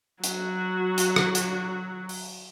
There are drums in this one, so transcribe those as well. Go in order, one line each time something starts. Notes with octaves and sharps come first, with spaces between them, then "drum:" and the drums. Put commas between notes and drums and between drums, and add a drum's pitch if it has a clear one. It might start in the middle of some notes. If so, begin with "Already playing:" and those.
F#3 F#4, drum: hi-hat
drum: hi-hat
drum: rim click
drum: hi-hat
drum: open hi-hat